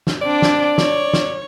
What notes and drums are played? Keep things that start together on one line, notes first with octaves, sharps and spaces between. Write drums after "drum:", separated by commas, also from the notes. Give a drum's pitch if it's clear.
drum: snare
C4 D4 D5
drum: snare
C#5, drum: snare
drum: snare